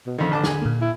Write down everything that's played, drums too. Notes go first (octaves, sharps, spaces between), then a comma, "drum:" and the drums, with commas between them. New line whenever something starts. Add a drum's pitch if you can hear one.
B2
F2 D3 D#3
A1 A5 D6
G#4 G#5, drum: snare
A#2 A#3
E4